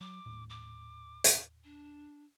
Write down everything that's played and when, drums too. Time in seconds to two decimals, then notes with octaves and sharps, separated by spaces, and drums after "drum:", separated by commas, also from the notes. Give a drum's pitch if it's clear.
0.01 F#3 D6
0.26 D#1 A2
0.50 D6
1.24 drum: hi-hat
1.64 D4